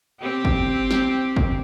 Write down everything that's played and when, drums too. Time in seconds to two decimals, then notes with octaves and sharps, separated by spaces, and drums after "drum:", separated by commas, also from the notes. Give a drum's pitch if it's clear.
0.22 C4 G4
0.45 drum: kick
0.91 drum: snare
1.36 drum: kick